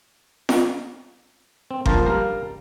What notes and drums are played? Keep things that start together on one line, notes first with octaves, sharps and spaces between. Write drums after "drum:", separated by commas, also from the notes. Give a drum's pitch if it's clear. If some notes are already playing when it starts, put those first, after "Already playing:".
drum: snare F4
C4
D3 F3 A#3 A#4 C5 A5, drum: kick G1
G3 A#4 F5